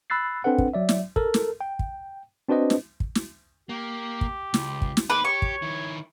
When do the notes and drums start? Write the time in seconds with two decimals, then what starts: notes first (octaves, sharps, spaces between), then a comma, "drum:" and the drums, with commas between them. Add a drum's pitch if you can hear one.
0.10 B5 E6 F#6 A6 C7
0.44 C4 D4 A4 B4 F#5
0.58 drum: kick
0.74 F#3 D5 E5
0.89 drum: snare
1.16 A4 A#4, drum: kick
1.34 drum: snare
1.61 G5
1.79 drum: kick
2.49 C4 D4 F#4 B4 C5 D#5
2.70 drum: snare
3.00 drum: kick
3.15 drum: snare
3.69 A#3 G4
4.21 drum: kick
4.54 C#2, drum: snare
4.82 drum: kick
4.97 drum: snare
5.10 A#3 D#4 B4 D6
5.25 G4 C#5 C#6
5.42 drum: kick
5.62 D#3 E4